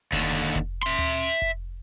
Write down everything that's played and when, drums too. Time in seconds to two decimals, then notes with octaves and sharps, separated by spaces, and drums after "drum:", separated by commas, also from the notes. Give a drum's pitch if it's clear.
0.12 D#2 D3, drum: kick F1
0.55 drum: kick F1
0.83 E5 C6
0.99 drum: tom D2
1.42 drum: kick F1